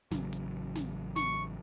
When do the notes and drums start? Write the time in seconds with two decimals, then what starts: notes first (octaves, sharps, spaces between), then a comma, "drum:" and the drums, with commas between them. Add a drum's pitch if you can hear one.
0.11 A1 C#3 F#3, drum: snare
0.33 drum: hi-hat
0.75 drum: snare
1.16 C#6, drum: snare